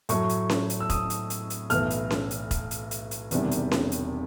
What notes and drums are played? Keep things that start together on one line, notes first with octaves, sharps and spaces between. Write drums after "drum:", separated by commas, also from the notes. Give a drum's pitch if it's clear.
A2 F#3 A3 C#6, drum: hi-hat
drum: hi-hat
drum: snare C#4
drum: hi-hat
E6
D#6, drum: kick E1, hi-hat
drum: hi-hat
drum: hi-hat
drum: hi-hat
B1 A2 E3 F6, drum: hi-hat
drum: hi-hat
drum: snare C#4
drum: hi-hat
drum: kick E1, hi-hat
drum: hi-hat
drum: hi-hat
drum: hi-hat
E1 E2 C3 D#3 G3, drum: hi-hat
drum: hi-hat
drum: snare C#4
drum: hi-hat